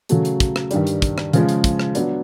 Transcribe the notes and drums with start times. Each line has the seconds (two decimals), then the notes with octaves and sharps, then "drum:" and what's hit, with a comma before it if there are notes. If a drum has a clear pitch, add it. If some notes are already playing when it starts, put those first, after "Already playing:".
0.09 C#3 F#3 A3, drum: hi-hat
0.25 drum: hi-hat
0.40 drum: kick, hi-hat
0.56 drum: rim click
0.71 G2 D#3 G3, drum: hi-hat
0.87 drum: hi-hat
1.02 drum: kick, hi-hat
1.18 drum: rim click
1.33 C#3 F3 G#3, drum: hi-hat
1.49 drum: hi-hat
1.64 drum: kick, hi-hat
1.79 drum: rim click
1.95 F#3 B3 D4, drum: hi-hat